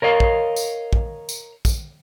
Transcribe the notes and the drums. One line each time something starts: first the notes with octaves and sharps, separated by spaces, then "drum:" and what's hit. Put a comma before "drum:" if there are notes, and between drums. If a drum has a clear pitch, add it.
A#4 C#5 D#5 F5
drum: kick
drum: tambourine
drum: kick
drum: tambourine
drum: kick, tambourine